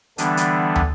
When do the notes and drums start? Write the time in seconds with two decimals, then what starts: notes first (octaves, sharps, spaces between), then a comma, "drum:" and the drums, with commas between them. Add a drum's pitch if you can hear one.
0.18 D3 E3 G3 B3 D4, drum: hi-hat
0.37 drum: hi-hat
0.75 drum: tom